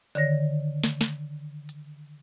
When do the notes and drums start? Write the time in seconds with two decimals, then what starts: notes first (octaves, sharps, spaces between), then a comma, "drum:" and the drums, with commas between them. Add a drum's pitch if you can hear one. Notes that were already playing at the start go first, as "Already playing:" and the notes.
0.15 D3 D#3 C#5 A#6, drum: hi-hat
0.84 drum: snare
1.01 drum: snare
1.69 drum: hi-hat